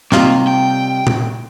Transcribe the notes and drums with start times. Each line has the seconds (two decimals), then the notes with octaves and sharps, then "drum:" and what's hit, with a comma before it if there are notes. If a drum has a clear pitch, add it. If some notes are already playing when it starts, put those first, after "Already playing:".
0.12 C3 D#3 G3 A#3 F4, drum: snare
0.47 G5
1.07 drum: tom A#2